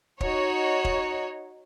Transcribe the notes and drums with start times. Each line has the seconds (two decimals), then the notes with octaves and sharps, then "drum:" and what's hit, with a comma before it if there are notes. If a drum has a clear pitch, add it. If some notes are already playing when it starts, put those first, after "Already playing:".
0.21 D#4 F#4 C#5, drum: kick
0.85 drum: kick